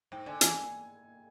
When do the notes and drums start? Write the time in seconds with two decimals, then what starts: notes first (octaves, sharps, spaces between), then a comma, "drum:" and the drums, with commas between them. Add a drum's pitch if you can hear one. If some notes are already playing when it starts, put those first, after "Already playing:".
0.12 G#2 G5
0.26 D3 G#5
0.41 E3 G#5, drum: hi-hat